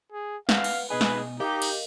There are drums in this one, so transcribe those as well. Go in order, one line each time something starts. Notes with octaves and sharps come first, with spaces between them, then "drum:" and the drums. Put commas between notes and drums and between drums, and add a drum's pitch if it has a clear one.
G#4
B4 F5 F#5, drum: snare
drum: cymbal
B2 D#4 G#4 B4 D#5 G#5
drum: snare
D#4 G4 A#4 D#5 F5
drum: cymbal